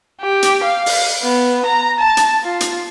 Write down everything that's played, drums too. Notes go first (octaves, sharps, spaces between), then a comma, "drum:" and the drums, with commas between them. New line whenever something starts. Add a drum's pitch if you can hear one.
G4
drum: hi-hat
F5
drum: open hi-hat
B3
A#5
A5
drum: hi-hat
F4
drum: hi-hat